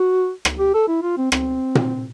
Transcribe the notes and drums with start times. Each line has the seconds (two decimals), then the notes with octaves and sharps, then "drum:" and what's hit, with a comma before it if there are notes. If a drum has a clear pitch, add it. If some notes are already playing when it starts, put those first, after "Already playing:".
Already playing: F#4
0.45 drum: rim click
0.59 G4
0.74 A4
0.88 E4
1.03 F4
1.17 C4
1.32 C4, drum: rim click
1.75 drum: tom A#2